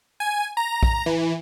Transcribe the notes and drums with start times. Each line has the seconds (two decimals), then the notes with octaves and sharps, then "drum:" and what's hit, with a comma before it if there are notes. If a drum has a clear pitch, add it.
0.20 G#5
0.57 A#5
0.83 drum: kick
1.06 E3